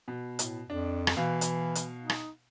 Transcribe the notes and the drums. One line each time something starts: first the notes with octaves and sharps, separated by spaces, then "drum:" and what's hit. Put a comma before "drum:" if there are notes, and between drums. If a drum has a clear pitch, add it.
B2
A2, drum: hi-hat
F2 D4
drum: rim click
B2 E3 F5
drum: hi-hat
drum: hi-hat
D#4
drum: rim click